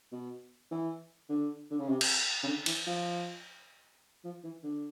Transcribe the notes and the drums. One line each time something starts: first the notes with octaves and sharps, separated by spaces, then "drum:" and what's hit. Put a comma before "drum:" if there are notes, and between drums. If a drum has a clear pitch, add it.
B2
E3
D3
D3
C#3
C3
drum: cymbal
C#3
D3
E3, drum: cymbal
F3
F3
E3
D3